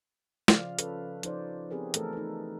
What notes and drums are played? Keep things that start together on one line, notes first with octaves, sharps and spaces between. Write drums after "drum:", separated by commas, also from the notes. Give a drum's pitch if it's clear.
C#3 F3 F4 D5 F5, drum: snare
C#4 A4 B4 C#5, drum: hi-hat
F3 D#4 C5 D5, drum: hi-hat
B3 C4 G4 G#4 A#4 B4
E3 A3 A4 A#4, drum: hi-hat
D#4 B4